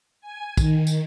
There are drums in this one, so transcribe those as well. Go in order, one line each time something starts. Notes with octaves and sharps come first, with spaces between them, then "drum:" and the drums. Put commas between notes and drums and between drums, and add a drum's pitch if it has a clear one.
G#5
D#3, drum: kick, tambourine
drum: tambourine